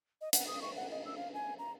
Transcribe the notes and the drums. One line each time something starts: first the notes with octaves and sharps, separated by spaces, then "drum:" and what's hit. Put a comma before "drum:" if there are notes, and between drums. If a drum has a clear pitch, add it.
D#5
F#5, drum: hi-hat
D#6
C#6
F#5
D#5
E6
F5
G#5
A#5